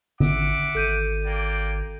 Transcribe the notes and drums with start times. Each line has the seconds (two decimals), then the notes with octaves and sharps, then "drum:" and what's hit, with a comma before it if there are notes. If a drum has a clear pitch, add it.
0.20 G#1 E5 F#5 D6, drum: tom D3
0.75 G#1 A4 G6 D#7
1.24 A#3 D5 G5